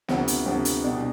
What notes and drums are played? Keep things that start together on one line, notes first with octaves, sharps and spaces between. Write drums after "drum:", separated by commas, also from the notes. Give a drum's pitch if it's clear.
D2 C3 F3 B3, drum: snare
drum: hi-hat
D2 C3 F3 B3
drum: hi-hat
C2 B2 B3 D4